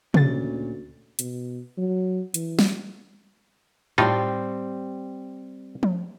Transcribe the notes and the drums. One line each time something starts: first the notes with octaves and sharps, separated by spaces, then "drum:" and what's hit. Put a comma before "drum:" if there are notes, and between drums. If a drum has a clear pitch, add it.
D2 A#2 C#4 A6, drum: tom C3
B2, drum: hi-hat
F#3
E3, drum: hi-hat
drum: snare
A2 G3 C4 D#4 F4 G4
drum: tom F3